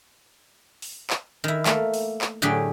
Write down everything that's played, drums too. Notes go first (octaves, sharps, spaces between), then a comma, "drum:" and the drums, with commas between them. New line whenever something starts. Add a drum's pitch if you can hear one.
drum: open hi-hat
drum: clap
D#3 E4
A3 A#3, drum: clap
drum: open hi-hat
drum: clap
A2 D3 F#3 G4 G#4 G5